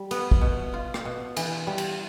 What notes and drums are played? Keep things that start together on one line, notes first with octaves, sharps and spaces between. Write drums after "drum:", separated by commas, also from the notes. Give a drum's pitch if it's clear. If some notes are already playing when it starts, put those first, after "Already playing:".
Already playing: G3
B3, drum: cymbal
drum: kick
B2
F4
drum: rim click
B2
E3, drum: cymbal
G3
drum: cymbal